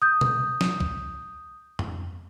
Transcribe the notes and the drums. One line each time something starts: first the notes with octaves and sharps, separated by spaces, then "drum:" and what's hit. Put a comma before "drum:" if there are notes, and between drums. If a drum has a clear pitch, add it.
D#6 G6
drum: tom B2
drum: snare
drum: kick
drum: tom F2